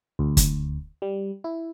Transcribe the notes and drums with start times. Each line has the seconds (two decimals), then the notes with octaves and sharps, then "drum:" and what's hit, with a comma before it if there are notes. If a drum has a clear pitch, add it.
0.19 D2
0.37 drum: kick, hi-hat
1.02 G3
1.44 E4